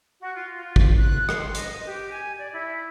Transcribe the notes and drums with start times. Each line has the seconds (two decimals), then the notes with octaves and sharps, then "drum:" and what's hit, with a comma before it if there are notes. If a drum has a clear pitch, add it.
0.21 F#4
0.34 F4
0.54 F4
0.76 drum: kick
0.97 F#6
1.29 C6, drum: rim click
1.55 D#5, drum: hi-hat
1.86 G4
2.11 G#5
2.38 D5
2.53 E4